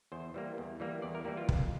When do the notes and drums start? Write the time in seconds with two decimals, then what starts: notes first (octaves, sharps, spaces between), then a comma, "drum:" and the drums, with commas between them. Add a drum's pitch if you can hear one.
0.12 E2 C5
0.34 E3 G3 A#3
0.58 E2
0.80 E3 G3 A#3
1.02 E2 D5
1.15 A#4
1.25 E3 G3 A#3 G4
1.37 F4
1.49 F2, drum: kick